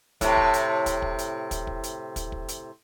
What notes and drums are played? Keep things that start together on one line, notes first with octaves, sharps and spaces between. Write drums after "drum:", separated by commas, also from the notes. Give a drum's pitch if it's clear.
A2 C3, drum: kick, hi-hat
drum: kick
drum: hi-hat
drum: kick, hi-hat
drum: kick
drum: hi-hat
drum: kick, hi-hat
drum: kick
drum: hi-hat
drum: kick, hi-hat
drum: kick
drum: hi-hat